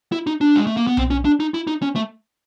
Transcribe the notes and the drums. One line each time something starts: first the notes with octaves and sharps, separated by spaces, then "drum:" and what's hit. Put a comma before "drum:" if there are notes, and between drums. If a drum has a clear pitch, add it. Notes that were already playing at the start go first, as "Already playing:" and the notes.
E4
D#4
D4
G#3
A3
A#3
B3
C4, drum: tom B1
C#4
D4
D#4
E4
D#4
C#4
A3